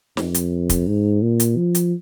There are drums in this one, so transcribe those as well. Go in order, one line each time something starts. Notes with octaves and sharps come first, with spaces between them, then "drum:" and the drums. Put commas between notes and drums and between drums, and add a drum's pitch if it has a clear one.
F2, drum: snare
drum: hi-hat
drum: kick, hi-hat
G#2
A#2
drum: hi-hat
F3
drum: hi-hat